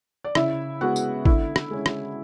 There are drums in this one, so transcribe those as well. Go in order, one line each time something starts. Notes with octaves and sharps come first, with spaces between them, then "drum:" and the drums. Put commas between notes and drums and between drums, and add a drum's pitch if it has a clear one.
D5
C#3 E4 E5, drum: rim click
G#3 B3 F#4 F#5
drum: tambourine
D3 E4 E5, drum: kick
drum: rim click
G#3 C#4
drum: rim click